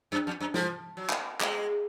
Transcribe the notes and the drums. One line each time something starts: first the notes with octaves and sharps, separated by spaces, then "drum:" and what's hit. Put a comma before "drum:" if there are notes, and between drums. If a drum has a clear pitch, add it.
F#2
F2
F#2
F3, drum: snare
F#3
drum: clap
G#3, drum: clap